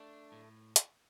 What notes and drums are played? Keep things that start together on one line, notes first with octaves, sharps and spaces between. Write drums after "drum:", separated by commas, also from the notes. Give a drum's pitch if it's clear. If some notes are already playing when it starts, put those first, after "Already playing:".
Already playing: A3 D4
A2
drum: hi-hat